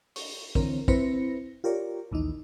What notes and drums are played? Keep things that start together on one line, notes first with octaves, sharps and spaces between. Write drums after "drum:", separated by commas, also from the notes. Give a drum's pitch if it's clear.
C#6, drum: open hi-hat
D3 E3 C4 A#4 C#5, drum: kick
C4 E4 B4 C5 A#6 C#7, drum: kick
F4 G4 A#4 C#5 D5
A#1 D#2 E3 D#4